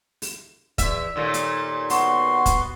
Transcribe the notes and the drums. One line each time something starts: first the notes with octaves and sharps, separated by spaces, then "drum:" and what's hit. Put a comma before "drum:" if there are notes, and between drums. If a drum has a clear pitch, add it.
drum: open hi-hat
E2 E5, drum: kick, hi-hat
D#2 A#2 A3
drum: hi-hat
B3 F#4 C6, drum: open hi-hat
drum: kick, hi-hat